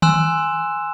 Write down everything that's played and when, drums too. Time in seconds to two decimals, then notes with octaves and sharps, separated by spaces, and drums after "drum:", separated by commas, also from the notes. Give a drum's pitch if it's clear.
0.02 G#5 C6 E6 F#6 E7, drum: tom D#3